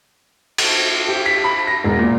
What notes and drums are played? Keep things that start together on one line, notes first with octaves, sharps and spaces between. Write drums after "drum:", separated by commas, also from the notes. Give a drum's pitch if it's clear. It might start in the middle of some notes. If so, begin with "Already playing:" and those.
drum: cymbal
G4
B6
B5
A#6
E1
A#2